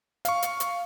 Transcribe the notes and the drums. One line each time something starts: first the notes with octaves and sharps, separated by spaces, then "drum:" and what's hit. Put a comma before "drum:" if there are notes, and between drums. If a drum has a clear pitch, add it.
F5 C#6, drum: hi-hat
drum: hi-hat
drum: hi-hat